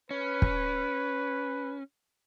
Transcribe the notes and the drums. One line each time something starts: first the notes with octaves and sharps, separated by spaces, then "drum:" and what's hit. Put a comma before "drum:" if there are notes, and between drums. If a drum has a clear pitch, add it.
C#4 B4
drum: kick